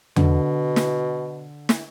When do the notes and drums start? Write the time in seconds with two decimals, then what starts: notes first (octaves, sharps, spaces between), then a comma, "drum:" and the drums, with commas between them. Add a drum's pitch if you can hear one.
0.16 B2 D3, drum: tom E2
0.76 drum: snare
1.69 drum: snare